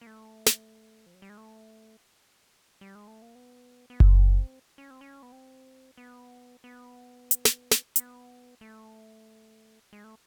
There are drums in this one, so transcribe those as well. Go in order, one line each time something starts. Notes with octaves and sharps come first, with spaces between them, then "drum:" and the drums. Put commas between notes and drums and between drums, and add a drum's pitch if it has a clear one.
A#3
A3
drum: snare
F3
F#3
G3
G#3
A3
G3
G#3
A3
A#3
B3
B3
C4, drum: kick F#1
C#4
C4
C#4
B3
C4
B3
B3
drum: hi-hat
drum: snare
drum: snare
B3, drum: hi-hat
A3
G#3
A3